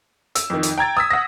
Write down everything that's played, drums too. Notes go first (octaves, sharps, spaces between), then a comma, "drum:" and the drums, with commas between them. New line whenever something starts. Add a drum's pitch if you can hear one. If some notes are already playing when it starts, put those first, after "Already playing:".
E6, drum: hi-hat
F2 D#3
drum: hi-hat
G5 A#5 G#6 A6
D#6 E6 B6
F#5 A#6